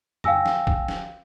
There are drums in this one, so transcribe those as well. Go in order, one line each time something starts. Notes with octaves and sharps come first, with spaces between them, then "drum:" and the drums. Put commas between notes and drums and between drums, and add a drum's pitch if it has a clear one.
F5 G5 G#5 E6 A#6, drum: tom
drum: snare
drum: kick
drum: snare